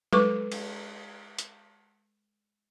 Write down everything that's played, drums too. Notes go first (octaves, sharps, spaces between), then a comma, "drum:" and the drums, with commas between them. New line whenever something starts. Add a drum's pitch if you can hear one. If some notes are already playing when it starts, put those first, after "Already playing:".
G#3 A4 B4 C#6 D6, drum: tom F#3
drum: cymbal
drum: hi-hat